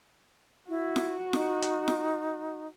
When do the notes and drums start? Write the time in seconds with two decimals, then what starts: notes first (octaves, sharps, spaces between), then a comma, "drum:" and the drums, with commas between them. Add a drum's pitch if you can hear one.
0.69 E4 F#4
0.96 drum: snare F4
1.33 D#4, drum: snare F4
1.62 drum: hi-hat
1.88 drum: snare F4